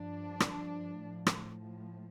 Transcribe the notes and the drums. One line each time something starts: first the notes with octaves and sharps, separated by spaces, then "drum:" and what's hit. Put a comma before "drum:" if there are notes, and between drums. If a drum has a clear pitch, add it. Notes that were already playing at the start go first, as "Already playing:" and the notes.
Already playing: G2 F3 D4
drum: rim click
A2 F3
drum: rim click